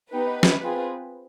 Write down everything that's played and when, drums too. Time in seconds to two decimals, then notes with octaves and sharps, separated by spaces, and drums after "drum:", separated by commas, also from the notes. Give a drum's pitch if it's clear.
0.12 B3 D#4 G4 B4
0.43 drum: snare
0.63 C4 F4 G#4